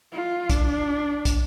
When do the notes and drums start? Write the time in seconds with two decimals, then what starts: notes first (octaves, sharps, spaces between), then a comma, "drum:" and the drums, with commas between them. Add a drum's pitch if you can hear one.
0.12 F4
0.50 D4, drum: kick, hi-hat
1.25 drum: kick, hi-hat